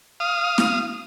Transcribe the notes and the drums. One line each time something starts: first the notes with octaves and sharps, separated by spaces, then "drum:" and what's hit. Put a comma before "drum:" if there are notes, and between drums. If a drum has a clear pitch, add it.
F5 D#6
drum: snare